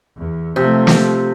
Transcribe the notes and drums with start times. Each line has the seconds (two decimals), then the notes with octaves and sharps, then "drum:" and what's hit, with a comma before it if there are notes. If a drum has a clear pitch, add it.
0.16 E2
0.56 C3 F3 A3
0.87 drum: snare